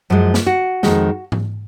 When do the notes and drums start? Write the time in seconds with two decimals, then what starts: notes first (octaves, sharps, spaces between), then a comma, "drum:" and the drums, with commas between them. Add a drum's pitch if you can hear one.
0.10 F#2 F3 G#3
0.34 drum: snare
0.47 F#4
0.83 F2 D#3 G#3, drum: snare
1.32 drum: tom G#2